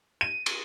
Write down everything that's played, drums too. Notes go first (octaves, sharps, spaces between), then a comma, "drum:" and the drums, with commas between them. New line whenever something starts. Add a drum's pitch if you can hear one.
D#7
drum: cymbal